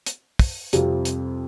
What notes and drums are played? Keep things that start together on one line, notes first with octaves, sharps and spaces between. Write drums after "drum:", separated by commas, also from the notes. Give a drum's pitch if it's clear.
drum: hi-hat
drum: kick, open hi-hat
F2 C3 G3 C4 F4, drum: hi-hat
drum: hi-hat